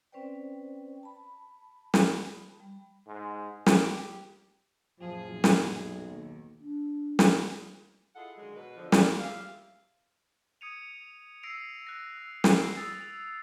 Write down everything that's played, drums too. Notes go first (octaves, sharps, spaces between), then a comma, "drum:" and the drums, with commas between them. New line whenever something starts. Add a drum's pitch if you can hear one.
C4 C#4 B4 C5 D5 G5
A5 B5
drum: snare
G3
G#2
G4, drum: snare
F#2 A#2 F3 G#4
B1
drum: snare
D#2
D4
drum: snare
E4 F4 G#4 A4 D#5 F#5
D3 D#3 F#3 G#3
B2 B4
B2 D3 F3
D5, drum: snare
F4 G4 E5 F5
D#6 G#6 C#7 D#7 F7
E6 A#6 C7 D7 F7
F#6 A#6
E6
drum: snare
E6 G#6 C7 D7
D#6 E6 A6 F7